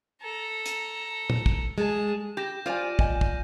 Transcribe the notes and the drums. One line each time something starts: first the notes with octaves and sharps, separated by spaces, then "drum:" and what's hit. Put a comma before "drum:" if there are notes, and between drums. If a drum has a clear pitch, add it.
A4 A#5
drum: hi-hat
drum: tom
drum: kick
G#3 G#4 A5
G4 G6 A#6 E7
F4 C5 D5 G#5
D#7
D#5 G#5, drum: kick
drum: kick